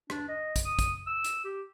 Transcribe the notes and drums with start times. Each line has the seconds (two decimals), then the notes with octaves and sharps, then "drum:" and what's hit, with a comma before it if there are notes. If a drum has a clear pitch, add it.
0.10 D4, drum: rim click
0.28 D#5
0.56 drum: kick, hi-hat
0.65 D#6
0.79 drum: kick, hi-hat
1.07 E6
1.24 drum: hi-hat
1.44 G4